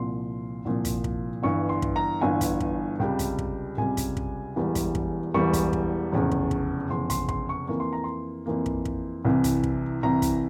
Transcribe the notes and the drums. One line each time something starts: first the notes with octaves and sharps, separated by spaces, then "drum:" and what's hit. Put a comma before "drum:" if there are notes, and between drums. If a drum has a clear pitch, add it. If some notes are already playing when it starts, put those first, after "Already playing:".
Already playing: C2 A#2 F3 C6
C2 A#2 F3
drum: kick, hi-hat
drum: kick
G1 G2 E3 C#6
C6
drum: kick
A#5
G1 G2 E3 G#5
drum: kick, hi-hat
drum: kick
C#2 C3 G3 G5
drum: kick, hi-hat
drum: kick
C#2 C3 G3 G#5
drum: kick, hi-hat
drum: kick
E1 E2 E3 G3
drum: kick, hi-hat
drum: kick
E1 E2 E3 G3 C#6
drum: kick, hi-hat
drum: kick
F1 E2 C#3
drum: kick
drum: kick
F1 E2 C#3 C6
C6, drum: kick, hi-hat
C6, drum: kick
C#6
F2 E3 A#3 C#6
C6
A#5
C6
F2 E3 A#3
drum: kick
drum: kick
C2 C3 E3
drum: kick, hi-hat
drum: kick
C2 C3 E3 A#5
drum: kick, hi-hat